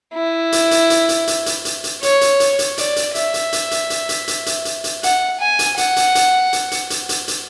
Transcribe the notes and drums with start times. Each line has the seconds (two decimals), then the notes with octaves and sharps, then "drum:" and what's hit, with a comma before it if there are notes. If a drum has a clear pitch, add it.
0.14 E4
0.52 drum: hi-hat
0.71 drum: hi-hat
0.90 drum: hi-hat
1.09 drum: hi-hat
1.27 drum: hi-hat
1.46 drum: hi-hat
1.65 drum: hi-hat
1.84 drum: hi-hat
2.03 C#5, drum: hi-hat
2.21 drum: hi-hat
2.40 drum: hi-hat
2.59 drum: hi-hat
2.78 D5, drum: hi-hat
2.96 drum: hi-hat
3.15 E5, drum: hi-hat
3.34 drum: hi-hat
3.53 drum: hi-hat
3.71 drum: hi-hat
3.90 drum: hi-hat
4.09 drum: hi-hat
4.28 drum: hi-hat
4.46 drum: hi-hat
4.65 drum: hi-hat
4.84 drum: hi-hat
5.03 F#5, drum: hi-hat
5.40 G#5
5.59 drum: hi-hat
5.77 F#5, drum: hi-hat
5.96 drum: hi-hat
6.15 drum: hi-hat
6.53 drum: hi-hat
6.71 drum: hi-hat
6.90 drum: hi-hat
7.09 drum: hi-hat
7.28 drum: hi-hat